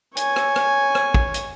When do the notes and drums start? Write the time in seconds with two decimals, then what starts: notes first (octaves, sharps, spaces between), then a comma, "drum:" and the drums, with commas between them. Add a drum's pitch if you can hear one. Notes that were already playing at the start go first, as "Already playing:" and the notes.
0.17 C#5 G#5, drum: hi-hat
0.36 drum: rim click
0.56 drum: rim click
0.95 drum: rim click
1.14 drum: kick
1.34 drum: hi-hat